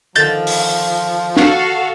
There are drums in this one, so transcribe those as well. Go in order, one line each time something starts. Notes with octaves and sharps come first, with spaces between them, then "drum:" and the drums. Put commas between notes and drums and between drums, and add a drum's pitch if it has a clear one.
D3 D#3 F3 C4 G6 A6
drum: open hi-hat
F#4 A4 F5, drum: snare